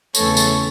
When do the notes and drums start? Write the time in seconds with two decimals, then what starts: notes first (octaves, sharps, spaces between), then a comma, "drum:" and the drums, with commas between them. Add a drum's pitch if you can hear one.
0.15 E2 C#3 E3 A3 A4 C#5, drum: tambourine
0.37 drum: tambourine